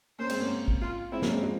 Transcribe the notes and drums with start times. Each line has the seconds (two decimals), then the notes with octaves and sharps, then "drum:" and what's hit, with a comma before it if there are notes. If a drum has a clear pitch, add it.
0.19 A#3 C#4 C5
0.30 G#3 C4, drum: cymbal
0.40 A#3 C#4
0.68 drum: kick A1
0.81 F4
1.12 G#3 C4 E4
1.22 A#3 C#4, drum: snare
1.33 G#3 C4
1.43 F3 G#3